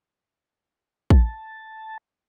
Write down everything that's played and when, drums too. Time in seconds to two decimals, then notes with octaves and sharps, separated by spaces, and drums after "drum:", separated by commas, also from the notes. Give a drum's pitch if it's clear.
1.10 A5, drum: kick